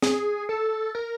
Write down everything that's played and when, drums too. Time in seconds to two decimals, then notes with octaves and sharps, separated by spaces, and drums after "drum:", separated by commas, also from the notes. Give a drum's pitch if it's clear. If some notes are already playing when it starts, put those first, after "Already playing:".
0.02 G#4, drum: snare
0.49 A4
0.95 A#4